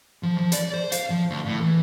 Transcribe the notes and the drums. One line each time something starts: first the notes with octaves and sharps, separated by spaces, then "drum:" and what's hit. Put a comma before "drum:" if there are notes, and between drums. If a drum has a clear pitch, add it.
F3
F3
D5, drum: hi-hat
C5
F5, drum: hi-hat
F3
D2
A2
E3